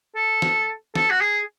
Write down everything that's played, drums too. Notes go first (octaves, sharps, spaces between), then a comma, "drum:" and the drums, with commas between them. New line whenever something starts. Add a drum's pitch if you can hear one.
A4
drum: snare
A4, drum: snare
F#4
G#4